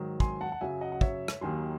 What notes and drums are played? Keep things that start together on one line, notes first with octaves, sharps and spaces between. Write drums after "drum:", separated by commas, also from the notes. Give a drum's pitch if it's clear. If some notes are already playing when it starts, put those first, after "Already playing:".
Already playing: G#2 D#3 F#3
G#5 C6, drum: kick
F#5 A5
F#5
F#2 C#3 F#3 E5 G#5
D#5 F#5
F#5
C#5 E5, drum: kick
drum: rim click
D#2 D#3 F#3 G#5 C6